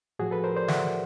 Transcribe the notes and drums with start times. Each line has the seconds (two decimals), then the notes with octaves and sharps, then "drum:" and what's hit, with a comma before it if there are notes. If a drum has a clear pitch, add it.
0.19 A2 F3 F#4 G#4
0.31 A4 B4
0.44 A#4 C5
0.56 C5 D5
0.68 E5 F#5, drum: snare